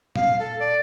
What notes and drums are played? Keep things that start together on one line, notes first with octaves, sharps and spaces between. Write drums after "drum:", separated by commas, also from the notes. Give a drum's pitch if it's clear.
F5, drum: tom A#2
A4
D5